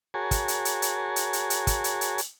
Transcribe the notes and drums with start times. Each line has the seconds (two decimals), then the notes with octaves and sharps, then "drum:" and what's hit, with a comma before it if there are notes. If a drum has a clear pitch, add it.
0.14 F#4 G#4 A#4 C#5 G#5 A5
0.31 drum: kick, hi-hat
0.48 drum: hi-hat
0.65 drum: hi-hat
0.82 drum: hi-hat
1.16 drum: hi-hat
1.33 drum: hi-hat
1.50 drum: hi-hat
1.67 drum: kick, hi-hat
1.84 drum: hi-hat
2.01 drum: hi-hat
2.18 drum: hi-hat